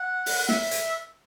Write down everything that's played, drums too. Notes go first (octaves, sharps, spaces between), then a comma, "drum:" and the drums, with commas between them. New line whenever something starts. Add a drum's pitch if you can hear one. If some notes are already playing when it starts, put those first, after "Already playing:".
Already playing: F#5
drum: open hi-hat
E5, drum: snare
drum: hi-hat